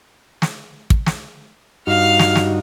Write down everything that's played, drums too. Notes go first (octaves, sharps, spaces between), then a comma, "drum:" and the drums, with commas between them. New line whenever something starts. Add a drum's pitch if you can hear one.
drum: snare
drum: kick
drum: snare
G2 D#4 F#4 F5 F6
drum: snare
drum: snare